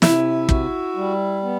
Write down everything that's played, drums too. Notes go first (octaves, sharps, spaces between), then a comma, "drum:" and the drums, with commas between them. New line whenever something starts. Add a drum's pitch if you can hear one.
C3 E4, drum: snare
F#4, drum: kick
G3
B3